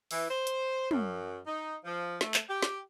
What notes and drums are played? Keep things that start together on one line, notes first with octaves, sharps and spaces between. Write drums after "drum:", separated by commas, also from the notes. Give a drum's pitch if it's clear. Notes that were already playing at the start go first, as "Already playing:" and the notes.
E3, drum: open hi-hat
C5
drum: hi-hat
F#2, drum: tom
D#4
F3
A3, drum: snare
drum: clap
G4
drum: snare